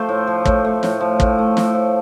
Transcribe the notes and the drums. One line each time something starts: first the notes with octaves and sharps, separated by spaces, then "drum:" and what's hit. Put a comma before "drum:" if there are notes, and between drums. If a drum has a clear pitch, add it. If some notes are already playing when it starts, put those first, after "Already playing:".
Already playing: F3 A3 C5
A2
F3
A2, drum: kick
A3
A2, drum: snare
F3
A2, drum: kick
A3
A2, drum: snare
F3